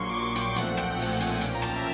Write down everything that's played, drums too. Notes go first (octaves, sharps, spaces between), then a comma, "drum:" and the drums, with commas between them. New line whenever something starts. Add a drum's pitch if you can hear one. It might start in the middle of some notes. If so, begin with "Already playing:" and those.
Already playing: A#1 A#2 F#3 A#3 C6 C#6
D6
C#6
G5, drum: hi-hat
B1 A#2 F3 A3 C4 F#5, drum: hi-hat
G5, drum: rim click
G5, drum: open hi-hat
G#5, drum: hi-hat
B1 A#2 F3 A#3 C#4 G5, drum: hi-hat
A#5
A5, drum: rim click
E5